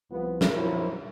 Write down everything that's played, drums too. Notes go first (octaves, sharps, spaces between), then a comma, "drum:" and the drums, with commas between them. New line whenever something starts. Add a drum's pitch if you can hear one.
C2 F3 B3
drum: snare
F2 F3 F#3 E4 A#4 C5